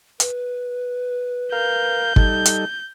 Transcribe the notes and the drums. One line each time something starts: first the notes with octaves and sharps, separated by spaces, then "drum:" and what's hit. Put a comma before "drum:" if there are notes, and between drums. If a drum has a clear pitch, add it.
B4, drum: hi-hat
A#4 F5 G6
G3 D#4 A4, drum: kick
drum: hi-hat